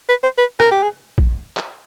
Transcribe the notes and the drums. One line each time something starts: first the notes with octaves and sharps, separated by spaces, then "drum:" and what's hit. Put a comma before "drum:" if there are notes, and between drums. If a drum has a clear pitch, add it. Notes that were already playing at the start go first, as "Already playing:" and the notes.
B4
C5
B4
A#4, drum: rim click
G4
G#4
drum: kick A#1
drum: clap